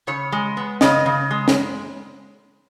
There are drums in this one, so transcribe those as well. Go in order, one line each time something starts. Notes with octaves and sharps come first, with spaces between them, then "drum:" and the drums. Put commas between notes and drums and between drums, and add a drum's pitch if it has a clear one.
C#3 C#5
G#3
B3
C#3 D#5, drum: snare
C#3
G#3
drum: snare